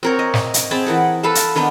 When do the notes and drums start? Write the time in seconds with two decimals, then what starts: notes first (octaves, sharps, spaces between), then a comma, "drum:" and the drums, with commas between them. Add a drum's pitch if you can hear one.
0.03 C4 A#4 C#5
0.19 D#5
0.34 drum: snare
0.54 drum: hi-hat
0.71 C4 G#4 A5 B5
0.86 E3 A#4 F#5
1.23 A4 B4 F5 A5
1.35 drum: hi-hat
1.56 D#3 B3 D4 D#4